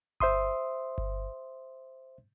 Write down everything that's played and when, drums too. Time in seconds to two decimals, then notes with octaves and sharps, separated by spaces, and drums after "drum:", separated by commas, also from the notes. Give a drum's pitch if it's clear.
0.20 C5 E5 C6 D#6, drum: kick G1
0.98 drum: kick G1